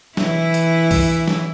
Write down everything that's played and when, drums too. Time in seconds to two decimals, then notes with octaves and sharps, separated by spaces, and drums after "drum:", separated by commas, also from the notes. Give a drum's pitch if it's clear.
0.17 E3 E4, drum: snare
0.54 drum: hi-hat
0.91 drum: kick, open hi-hat
1.28 drum: snare